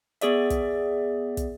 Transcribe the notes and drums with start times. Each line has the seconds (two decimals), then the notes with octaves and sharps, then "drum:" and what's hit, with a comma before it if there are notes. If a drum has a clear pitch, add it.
0.21 B3 G#4 D5 E5, drum: hi-hat
0.50 drum: kick, hi-hat
1.37 drum: kick, hi-hat